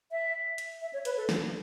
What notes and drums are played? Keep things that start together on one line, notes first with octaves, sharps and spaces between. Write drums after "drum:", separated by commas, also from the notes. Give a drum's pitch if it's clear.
E5
drum: hi-hat
E5
C#5
B4, drum: hi-hat
A4
drum: snare